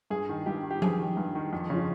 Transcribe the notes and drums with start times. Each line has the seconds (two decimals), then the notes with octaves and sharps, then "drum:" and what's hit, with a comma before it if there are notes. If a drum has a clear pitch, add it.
0.10 G2 G#4
0.29 D#3
0.46 G2 G4
0.64 D#3
0.71 G4
0.82 G2 G#4, drum: tom F3
1.00 D#3
1.17 G2
1.35 D#3
1.53 F2
1.70 C#3 F3